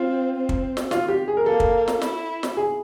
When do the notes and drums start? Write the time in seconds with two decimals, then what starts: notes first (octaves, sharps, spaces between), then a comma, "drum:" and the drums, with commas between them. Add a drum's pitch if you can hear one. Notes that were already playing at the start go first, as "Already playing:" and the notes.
Already playing: C4 F4
0.35 C4
0.49 drum: kick
0.77 drum: snare
0.91 F4, drum: snare
1.08 G4
1.28 G#4
1.37 A#4
1.45 A#3 A4
1.60 drum: kick
1.88 drum: snare
2.02 E4, drum: snare
2.43 drum: snare
2.57 G#4